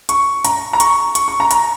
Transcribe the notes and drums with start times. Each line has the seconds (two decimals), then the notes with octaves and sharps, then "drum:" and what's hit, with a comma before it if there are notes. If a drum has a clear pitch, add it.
0.09 C#6, drum: hi-hat
0.45 A#5, drum: hi-hat
0.73 A#5
0.80 C#6, drum: hi-hat
1.15 C#6, drum: hi-hat
1.28 C#6
1.40 A#5
1.51 A#5, drum: hi-hat